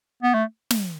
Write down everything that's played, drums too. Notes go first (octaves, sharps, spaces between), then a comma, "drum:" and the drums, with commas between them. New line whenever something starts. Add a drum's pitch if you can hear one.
B3
A3
drum: snare